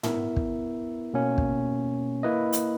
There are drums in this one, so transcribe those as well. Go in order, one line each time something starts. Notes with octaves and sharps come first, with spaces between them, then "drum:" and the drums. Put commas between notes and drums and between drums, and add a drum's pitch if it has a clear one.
B3 E4 A#4 E5, drum: tom
drum: kick
B2 A#3 C#4
drum: kick
A#3 E4 B4 D#5
drum: hi-hat